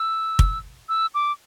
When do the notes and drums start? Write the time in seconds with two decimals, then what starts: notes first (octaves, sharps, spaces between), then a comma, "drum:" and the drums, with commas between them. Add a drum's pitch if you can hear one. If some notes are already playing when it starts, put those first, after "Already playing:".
Already playing: E6
0.39 drum: kick
0.89 E6
1.15 D6